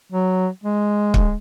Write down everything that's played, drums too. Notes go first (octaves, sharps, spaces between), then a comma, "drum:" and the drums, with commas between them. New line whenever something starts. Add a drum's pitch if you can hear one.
F#3
G#3
drum: kick